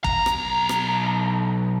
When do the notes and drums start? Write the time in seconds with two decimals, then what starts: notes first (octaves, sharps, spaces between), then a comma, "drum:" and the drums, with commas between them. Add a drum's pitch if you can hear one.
0.04 B1 A#5, drum: kick
0.26 drum: rim click
0.69 drum: rim click